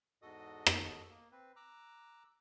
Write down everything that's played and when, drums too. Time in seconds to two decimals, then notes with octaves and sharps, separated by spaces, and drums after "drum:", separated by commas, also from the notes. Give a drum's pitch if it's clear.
0.22 E2 G#2 F#4 A4 D#5 D#6
0.66 drum: rim click
1.10 A#3
1.32 C4 B4
1.56 A#5 D6 E6 F#6